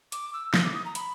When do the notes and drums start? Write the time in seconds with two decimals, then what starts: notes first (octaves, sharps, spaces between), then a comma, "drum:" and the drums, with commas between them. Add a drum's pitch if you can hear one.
0.12 D6, drum: hi-hat
0.33 E6
0.54 D#6, drum: snare
0.64 D6
0.74 D#6
0.85 A#5
0.95 B5, drum: hi-hat